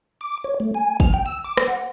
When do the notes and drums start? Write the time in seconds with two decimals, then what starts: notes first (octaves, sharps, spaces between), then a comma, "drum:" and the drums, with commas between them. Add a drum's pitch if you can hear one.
0.21 D6
0.44 C#5
0.60 A3
0.74 G#5
1.00 F6, drum: kick
1.14 G5
1.26 E6
1.44 D6
1.57 drum: rim click
1.67 F#5